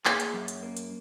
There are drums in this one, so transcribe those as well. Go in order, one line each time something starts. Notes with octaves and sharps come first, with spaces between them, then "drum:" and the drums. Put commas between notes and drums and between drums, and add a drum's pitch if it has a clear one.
A#3 G#4, drum: clap
drum: hi-hat
F#2
drum: hi-hat
A#3
drum: hi-hat